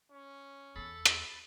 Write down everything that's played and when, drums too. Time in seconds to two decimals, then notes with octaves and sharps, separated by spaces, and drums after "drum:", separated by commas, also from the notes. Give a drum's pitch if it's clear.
0.12 C#4
0.76 E2 B3 A4 B5 A6
1.06 drum: hi-hat